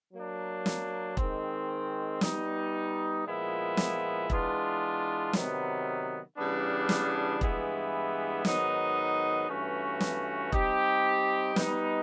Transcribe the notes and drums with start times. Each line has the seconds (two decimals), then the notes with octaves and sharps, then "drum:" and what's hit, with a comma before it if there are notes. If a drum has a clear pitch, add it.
0.14 F#3 A#3 D4
0.66 drum: snare
1.17 D#3 G#3 C4, drum: kick E1
2.21 G3 B3 D#4, drum: snare
3.26 A#2 F3 G#3 B3 E4
3.77 drum: snare
4.30 E3 G#3 B3 D4 F4, drum: kick E1
5.33 C3 D#3 F#3 B3, drum: snare
6.37 C#3 E3 G3 B3 D4
6.89 drum: snare
7.41 G2 E3 G#3 B3 E4, drum: kick E1
8.45 G#2 D#3 F#3 B3 D#4, drum: snare
9.48 G2 E3 A3 C#4 F#4
10.00 drum: snare
10.52 G3 C4 D#4 G4, drum: kick E1
11.56 G3 B3 D#4, drum: snare